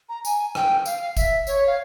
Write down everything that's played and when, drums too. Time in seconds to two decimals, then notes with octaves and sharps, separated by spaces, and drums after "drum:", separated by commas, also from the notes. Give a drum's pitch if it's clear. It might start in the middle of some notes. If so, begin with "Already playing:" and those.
0.09 A#5
0.25 G#5, drum: tambourine
0.55 G5, drum: rim click
0.86 F5, drum: tambourine
1.17 E5, drum: kick, tambourine
1.47 C#5, drum: tambourine
1.67 F5